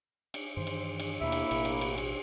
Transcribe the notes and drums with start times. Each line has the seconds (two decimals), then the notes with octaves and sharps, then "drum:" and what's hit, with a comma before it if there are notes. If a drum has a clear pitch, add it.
0.34 drum: cymbal
0.57 G2 D#3 E3 C5
0.67 drum: cymbal
1.00 drum: cymbal
1.21 D#2 B2 A#3 D4 E4 E5
1.32 drum: cymbal
1.51 A1 B2, drum: cymbal
1.65 drum: cymbal
1.81 F#4, drum: cymbal
1.98 drum: cymbal